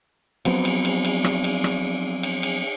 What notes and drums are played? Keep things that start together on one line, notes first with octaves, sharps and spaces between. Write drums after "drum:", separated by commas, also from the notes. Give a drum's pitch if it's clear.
F3 F#3 B3 C4, drum: cymbal
drum: cymbal
drum: cymbal
drum: cymbal
drum: rim click
drum: cymbal
drum: rim click
drum: cymbal
drum: cymbal